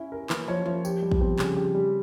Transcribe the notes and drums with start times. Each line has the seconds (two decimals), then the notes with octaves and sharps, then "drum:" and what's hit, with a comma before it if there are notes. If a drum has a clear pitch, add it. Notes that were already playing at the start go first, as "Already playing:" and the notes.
Already playing: C#4 E4
0.12 A#4
0.30 E3 A#3, drum: clap
0.48 F3 C#5
0.66 F3 E4
0.85 G4, drum: tambourine
1.02 G3
1.12 drum: kick
1.21 C4
1.39 C#3, drum: clap
1.57 G4
1.75 G3